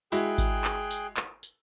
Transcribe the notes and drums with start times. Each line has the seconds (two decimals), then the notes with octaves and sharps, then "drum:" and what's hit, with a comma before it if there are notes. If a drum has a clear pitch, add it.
0.12 G#3 E4 F#4 G#4 G5 F#6, drum: tambourine
0.38 drum: kick G#1, tambourine
0.64 drum: clap
0.91 drum: tambourine
1.17 drum: clap
1.43 drum: tambourine